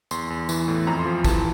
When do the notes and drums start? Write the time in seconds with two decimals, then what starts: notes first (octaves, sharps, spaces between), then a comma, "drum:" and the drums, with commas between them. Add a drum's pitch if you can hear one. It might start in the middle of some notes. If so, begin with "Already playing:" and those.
0.11 E2 C6, drum: tambourine
0.30 E2
0.49 E3, drum: tambourine
0.68 A2
0.87 F2 A#5
0.99 C6
1.05 F3
1.25 E3 A5, drum: kick, tambourine